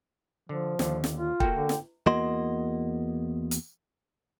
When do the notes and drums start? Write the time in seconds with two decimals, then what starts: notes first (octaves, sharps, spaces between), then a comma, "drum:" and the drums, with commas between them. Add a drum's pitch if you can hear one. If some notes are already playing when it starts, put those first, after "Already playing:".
0.49 D3 F3
0.79 D#2 D3, drum: snare
1.04 drum: snare
1.18 F4
1.40 A#3 F#4 A4 G5, drum: kick
1.54 D3
1.69 drum: snare
2.07 E2 A#3 F#4 D#5 C6
3.51 drum: hi-hat